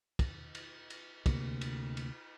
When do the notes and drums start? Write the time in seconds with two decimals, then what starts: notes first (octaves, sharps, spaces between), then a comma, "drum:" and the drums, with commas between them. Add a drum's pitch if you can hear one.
0.19 drum: kick, cymbal
0.55 drum: cymbal
0.90 drum: cymbal
1.26 D2 C3 A#3, drum: kick, cymbal
1.61 drum: cymbal
1.97 drum: cymbal